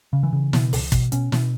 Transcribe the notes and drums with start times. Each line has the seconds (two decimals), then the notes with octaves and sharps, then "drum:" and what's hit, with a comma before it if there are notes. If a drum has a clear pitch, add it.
0.13 C#3
0.23 E3
0.33 C#3
0.53 B2, drum: snare
0.73 C#2, drum: open hi-hat
0.92 B2, drum: kick, hi-hat
1.12 B2 C#4, drum: hi-hat
1.32 B2, drum: snare